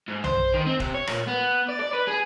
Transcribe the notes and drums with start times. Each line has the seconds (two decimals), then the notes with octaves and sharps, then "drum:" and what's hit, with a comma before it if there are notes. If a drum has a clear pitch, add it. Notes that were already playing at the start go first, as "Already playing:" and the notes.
0.08 G#2
0.24 C5, drum: tom B1
0.54 D#3
0.66 C4
0.80 C3, drum: kick
0.95 C#5
1.07 A#2, drum: rim click
1.27 B3
1.69 D5
1.80 D5
1.93 B4
2.08 G#4